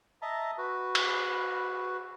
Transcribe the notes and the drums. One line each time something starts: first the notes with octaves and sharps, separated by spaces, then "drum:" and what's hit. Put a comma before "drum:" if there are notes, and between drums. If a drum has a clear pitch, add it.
D#5 E5 A5 A#5
F#4 B4
drum: cymbal